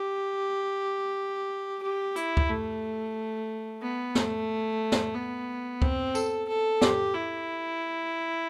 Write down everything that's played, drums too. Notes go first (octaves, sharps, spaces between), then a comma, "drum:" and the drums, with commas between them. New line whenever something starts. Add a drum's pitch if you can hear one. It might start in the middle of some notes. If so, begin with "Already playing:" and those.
Already playing: G4
G4
E4, drum: hi-hat
drum: kick C#2
A3
B3
A3, drum: snare
drum: snare
B3
C4, drum: kick C#2
A4, drum: tambourine
A4
G4, drum: snare
E4